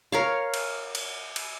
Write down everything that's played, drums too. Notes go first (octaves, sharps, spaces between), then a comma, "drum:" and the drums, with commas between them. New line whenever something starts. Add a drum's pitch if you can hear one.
A#4 C#5 F5
drum: cymbal
drum: cymbal
drum: cymbal